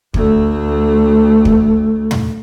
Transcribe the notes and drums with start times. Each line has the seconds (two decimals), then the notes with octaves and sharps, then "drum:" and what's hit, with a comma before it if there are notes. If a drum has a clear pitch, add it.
0.14 D2 A3, drum: kick
1.45 drum: kick
2.11 drum: tom